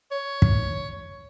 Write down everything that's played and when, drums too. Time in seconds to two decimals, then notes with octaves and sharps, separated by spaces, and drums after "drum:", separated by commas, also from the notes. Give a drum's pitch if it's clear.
0.12 C#5
0.42 drum: kick